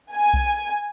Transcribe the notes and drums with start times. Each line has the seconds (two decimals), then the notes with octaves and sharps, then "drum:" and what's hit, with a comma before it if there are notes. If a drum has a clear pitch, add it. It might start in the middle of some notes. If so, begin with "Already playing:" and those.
0.12 G#5
0.34 drum: kick B1